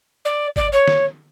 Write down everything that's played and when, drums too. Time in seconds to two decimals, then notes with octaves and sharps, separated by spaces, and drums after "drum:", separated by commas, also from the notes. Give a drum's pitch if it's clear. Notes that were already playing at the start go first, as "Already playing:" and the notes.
0.25 D5
0.56 D5, drum: kick G#1
0.72 C#5
0.88 drum: snare D#3